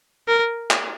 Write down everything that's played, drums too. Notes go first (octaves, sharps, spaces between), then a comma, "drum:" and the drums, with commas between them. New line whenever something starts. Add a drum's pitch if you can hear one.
A#4
drum: clap